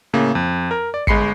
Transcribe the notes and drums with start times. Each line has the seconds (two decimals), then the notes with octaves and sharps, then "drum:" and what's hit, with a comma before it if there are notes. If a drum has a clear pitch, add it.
0.13 A2 C#3 A#3
0.35 F2
0.71 A#4
0.94 D5
1.07 G1 G#3 B5 C7 C#7, drum: kick